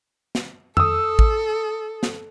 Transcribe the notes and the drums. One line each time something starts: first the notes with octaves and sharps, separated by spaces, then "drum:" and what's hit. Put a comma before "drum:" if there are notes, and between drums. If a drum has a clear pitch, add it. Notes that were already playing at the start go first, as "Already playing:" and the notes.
drum: snare
A4 D#6 E6, drum: tom F2
drum: kick A1
drum: snare